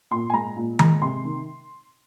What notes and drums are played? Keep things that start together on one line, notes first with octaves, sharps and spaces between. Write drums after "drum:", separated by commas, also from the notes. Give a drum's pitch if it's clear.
A#2 C6
G#5
G#3 A#5
A#2
G#3 A#5, drum: tom D#3
C3 C6
D#3